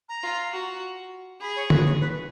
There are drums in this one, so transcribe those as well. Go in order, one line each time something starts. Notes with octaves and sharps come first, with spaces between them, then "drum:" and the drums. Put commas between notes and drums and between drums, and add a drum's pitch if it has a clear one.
A#5
F4
F#4
G#4 B5
C#5
B4, drum: tom D3
C#5
B4